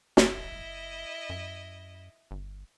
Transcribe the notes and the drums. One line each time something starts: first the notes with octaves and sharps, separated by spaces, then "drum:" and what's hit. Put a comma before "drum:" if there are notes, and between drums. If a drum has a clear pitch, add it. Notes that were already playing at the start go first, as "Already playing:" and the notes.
F#1 E4 D#5, drum: snare
F#2
G1